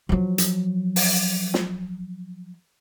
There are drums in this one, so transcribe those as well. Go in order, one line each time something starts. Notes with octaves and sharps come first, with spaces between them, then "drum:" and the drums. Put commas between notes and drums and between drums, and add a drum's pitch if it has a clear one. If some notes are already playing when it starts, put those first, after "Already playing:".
F3 F#3
drum: hi-hat
drum: open hi-hat
drum: snare